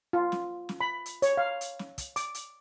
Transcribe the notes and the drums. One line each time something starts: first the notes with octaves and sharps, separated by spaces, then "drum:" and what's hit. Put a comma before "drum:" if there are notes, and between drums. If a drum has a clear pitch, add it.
F4
drum: snare
drum: snare
B5
drum: hi-hat
C#5, drum: hi-hat
F5
drum: hi-hat
drum: snare
drum: kick, hi-hat
D6, drum: hi-hat
drum: hi-hat